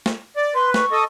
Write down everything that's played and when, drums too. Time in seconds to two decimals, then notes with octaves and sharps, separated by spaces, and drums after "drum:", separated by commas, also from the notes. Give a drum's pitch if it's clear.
0.06 drum: snare
0.36 D5
0.55 B4 C6
0.74 C#6, drum: snare
0.91 A4 D#5